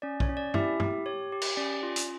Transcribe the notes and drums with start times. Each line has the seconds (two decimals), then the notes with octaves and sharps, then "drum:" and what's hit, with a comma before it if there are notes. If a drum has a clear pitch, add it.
0.02 C#4 D5
0.20 C#5, drum: kick
0.29 C#4
0.37 D5
0.54 E4 G4 E5, drum: tom G2
0.80 G4, drum: tom G2
1.06 G4 C#5
1.32 G4
1.42 drum: cymbal
1.57 C#4 D5
1.83 F4
1.96 drum: hi-hat